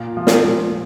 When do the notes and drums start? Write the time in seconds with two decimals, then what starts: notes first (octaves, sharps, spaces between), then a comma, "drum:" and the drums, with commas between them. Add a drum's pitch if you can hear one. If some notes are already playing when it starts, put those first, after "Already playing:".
Already playing: A#2
0.17 F3
0.27 drum: snare
0.46 A#2